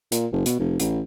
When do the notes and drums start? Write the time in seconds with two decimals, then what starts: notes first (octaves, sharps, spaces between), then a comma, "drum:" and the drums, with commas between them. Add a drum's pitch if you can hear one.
0.12 A#2, drum: hi-hat
0.33 F#1
0.46 B2, drum: hi-hat
0.60 F1
0.80 A1, drum: hi-hat